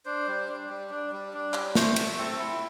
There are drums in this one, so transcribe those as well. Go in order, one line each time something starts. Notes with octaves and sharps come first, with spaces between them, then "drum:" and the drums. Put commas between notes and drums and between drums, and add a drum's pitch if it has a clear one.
D4 C5
G3
D4
G3
D4
G3
D4
G3, drum: clap
A3 C5, drum: snare
A3, drum: cymbal
C4 A4
E4